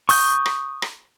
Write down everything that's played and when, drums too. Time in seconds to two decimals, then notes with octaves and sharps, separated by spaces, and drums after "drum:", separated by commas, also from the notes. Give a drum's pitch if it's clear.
0.09 C#6 D#6 G6, drum: open hi-hat
0.46 drum: rim click
0.82 drum: rim click